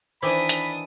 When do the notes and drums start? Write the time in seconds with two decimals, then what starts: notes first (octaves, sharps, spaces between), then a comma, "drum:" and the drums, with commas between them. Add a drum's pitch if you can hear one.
0.22 D#3 E3 D4 C5 B5 D6 D#6
0.49 drum: hi-hat